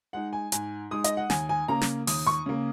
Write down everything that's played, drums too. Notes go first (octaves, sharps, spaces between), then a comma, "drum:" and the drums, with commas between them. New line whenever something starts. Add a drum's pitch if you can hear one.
G#3 D#4 F#5
G#5
G#2 G#5, drum: hi-hat
G#3 D#4 D#6
D#5, drum: hi-hat
F#5
D#2 G#5, drum: snare
G#5
C#3 A#3 A#5
drum: snare
D#2 D#6, drum: open hi-hat
C#6
C#3 A#3